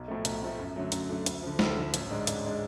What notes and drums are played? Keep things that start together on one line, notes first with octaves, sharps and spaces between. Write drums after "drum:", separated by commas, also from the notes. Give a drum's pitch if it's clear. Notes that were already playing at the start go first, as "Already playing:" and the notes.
Already playing: B1
A2 F3 A3
B1, drum: hi-hat
A2 F3 A3
F#2
D3 F#3 A3
F#2, drum: hi-hat
D3 F#3 A3
D2, drum: hi-hat
D3 F3
D2, drum: snare
D3 F3
A1, drum: hi-hat
G#2 G#3 D4
A1, drum: hi-hat
G#3 D4